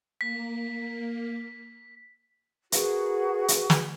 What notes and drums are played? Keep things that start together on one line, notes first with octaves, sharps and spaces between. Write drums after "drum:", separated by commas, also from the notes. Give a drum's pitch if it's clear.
A#3 B6
F#4 G#4 A#4 B4, drum: hi-hat
drum: hi-hat
drum: snare